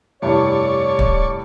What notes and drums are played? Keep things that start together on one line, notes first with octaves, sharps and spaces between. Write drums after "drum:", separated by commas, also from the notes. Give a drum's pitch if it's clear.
F1 G2 E3 C#5 D5 C#6
drum: kick